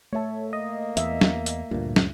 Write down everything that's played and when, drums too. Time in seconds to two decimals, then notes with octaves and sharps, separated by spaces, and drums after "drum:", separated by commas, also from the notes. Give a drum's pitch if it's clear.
0.13 A3 A4 C#5 E5
0.53 A#3 D#5
0.97 E2 E5, drum: hi-hat
1.21 drum: snare
1.46 drum: hi-hat
1.71 D2 G2 A#2
1.96 drum: snare